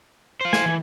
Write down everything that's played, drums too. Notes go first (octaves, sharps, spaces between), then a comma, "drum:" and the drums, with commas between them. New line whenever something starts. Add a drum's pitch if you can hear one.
C5 F5
G#5, drum: snare
E3